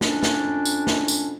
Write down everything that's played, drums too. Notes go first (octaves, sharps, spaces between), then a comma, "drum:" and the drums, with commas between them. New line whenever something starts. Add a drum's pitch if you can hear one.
F2 C#4 D4, drum: snare
drum: snare
drum: tambourine
drum: snare
drum: tambourine